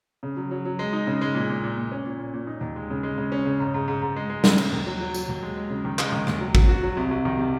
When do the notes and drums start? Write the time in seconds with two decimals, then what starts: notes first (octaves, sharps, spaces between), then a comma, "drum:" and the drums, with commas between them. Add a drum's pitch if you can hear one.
0.23 C#3
0.37 F#3
0.51 F#3
0.65 F#3
0.79 G#3
0.93 D#4
1.07 C#3
1.21 G#3
1.35 A#2
1.50 A#2
1.63 A#2
1.77 A#2
1.92 C#4
2.05 A#2
2.19 A#2
2.34 A#2
2.47 D#4
2.61 D#2
2.76 G#3
2.90 C#3
3.03 G#3
3.17 C#3
3.32 C#4
3.46 C#3
3.60 G#2
3.74 G#2
3.88 G#2
4.02 G#2
4.16 G#3
4.30 G#3
4.44 C#3, drum: snare
4.58 C#3, drum: cymbal
4.72 D#2
4.86 F#3
5.01 F#3
5.14 F#3, drum: tambourine
5.28 D#2
5.43 G#3
5.57 G#3
5.70 C#3
5.85 D#3
5.99 G#3, drum: clap
6.12 D#3
6.27 D#2, drum: rim click
6.41 F#3
6.55 F#4, drum: kick
6.69 F#4
6.83 F#3
6.97 C2
7.11 C2
7.25 D#3
7.39 C3